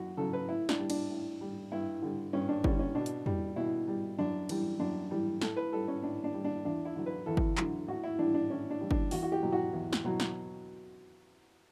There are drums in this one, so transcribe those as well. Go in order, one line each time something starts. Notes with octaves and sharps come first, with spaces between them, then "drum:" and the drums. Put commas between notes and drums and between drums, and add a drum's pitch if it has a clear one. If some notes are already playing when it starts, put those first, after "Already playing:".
Already playing: F#2 F#4
C#3 F#3 A4
B4
A2 E4
D4, drum: snare
G3
D4, drum: cymbal
A2
G3
G2 E4
D3 G3
G2 C#4
D4
D3 G3 C#4, drum: kick
C#4
B2 D4
drum: hi-hat
G3, drum: tom
B2 E4
G3
F#2 D4
E3 G3, drum: cymbal
F#2 D4
E3 G3
A2 A4, drum: snare
B4
G3 A4
C#4
A2 D4
D4
G3
D4
E2 D4
E4
D3 F#3
B4
E2 A4
drum: kick
D3 F#3, drum: clap
A2 F#4
E4
E3 G3 D4
D4
A2 C#4
D4
E3 G3
D4, drum: kick
E2 F#4, drum: open hi-hat
F#4
G4
B2 F#3
F#4
E2
drum: snare
B2 F#3
drum: snare